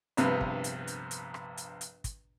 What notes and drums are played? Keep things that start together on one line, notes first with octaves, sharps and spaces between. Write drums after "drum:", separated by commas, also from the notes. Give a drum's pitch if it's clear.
A#1 G2 C3 B3 B4, drum: hi-hat
drum: kick
drum: hi-hat
drum: hi-hat
drum: hi-hat
drum: rim click
drum: hi-hat
drum: hi-hat
drum: kick, hi-hat